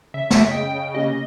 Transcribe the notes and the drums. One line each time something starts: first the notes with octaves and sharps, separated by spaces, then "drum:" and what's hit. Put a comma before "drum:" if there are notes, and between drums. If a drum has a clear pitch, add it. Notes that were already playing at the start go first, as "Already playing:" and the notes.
C#3 E5
drum: snare
D#5 G5
A#3 C#4 G4 D#5